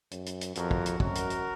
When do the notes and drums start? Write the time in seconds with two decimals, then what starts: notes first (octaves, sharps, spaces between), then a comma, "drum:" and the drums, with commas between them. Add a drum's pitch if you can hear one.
0.11 F#2, drum: hi-hat
0.26 drum: hi-hat
0.41 drum: hi-hat
0.55 F2 F#4 A#4, drum: hi-hat
0.71 drum: kick
0.86 drum: hi-hat
1.00 F#2 F#4 A#4, drum: kick
1.15 drum: hi-hat
1.30 drum: hi-hat